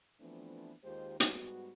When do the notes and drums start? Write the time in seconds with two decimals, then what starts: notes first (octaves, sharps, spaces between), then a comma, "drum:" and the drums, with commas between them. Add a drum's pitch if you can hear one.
0.20 E3 F3 A3 B3 C4 D4
0.84 D#2 D#3 G#3 F4 G4 C5
1.20 G#2 G3 B3 F#4, drum: hi-hat